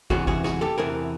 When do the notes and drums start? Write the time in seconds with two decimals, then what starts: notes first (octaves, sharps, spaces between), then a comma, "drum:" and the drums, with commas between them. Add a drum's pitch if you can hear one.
0.10 E2 C3 E3 F#4 G#4, drum: kick
0.27 F#4 G#4, drum: kick
0.44 F#4 G#4, drum: snare
0.61 G4 A4
0.78 E2 C3 E3 G#4 A#4